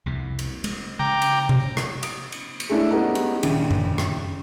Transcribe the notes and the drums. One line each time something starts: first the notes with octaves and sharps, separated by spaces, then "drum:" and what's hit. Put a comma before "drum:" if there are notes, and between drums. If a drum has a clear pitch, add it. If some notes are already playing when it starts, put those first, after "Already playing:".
C2 F2 C3
drum: cymbal
G#3, drum: cymbal
C#3 G5 A#5 D6
drum: cymbal
drum: tom C3
drum: rim click
D#6 D7, drum: cymbal
drum: cymbal
drum: cymbal
G#3 A3 C#4 D4 E4
G3 G#3 B3 C#4 D#4
drum: cymbal
A#1 D#2 C#3, drum: cymbal
drum: tom F#2
drum: rim click